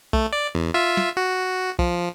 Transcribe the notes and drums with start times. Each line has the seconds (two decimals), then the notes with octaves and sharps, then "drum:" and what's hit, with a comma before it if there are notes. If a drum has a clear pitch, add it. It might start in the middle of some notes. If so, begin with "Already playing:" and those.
0.13 A3, drum: kick B1
0.33 D5
0.55 E2
0.74 F4 E5
0.97 drum: snare
1.17 F#4
1.79 F3, drum: kick B1